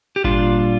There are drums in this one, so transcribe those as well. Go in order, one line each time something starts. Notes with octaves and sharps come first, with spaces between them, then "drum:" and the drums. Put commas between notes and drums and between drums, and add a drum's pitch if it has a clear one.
G4
A#2 G3 D4 F4, drum: kick G#1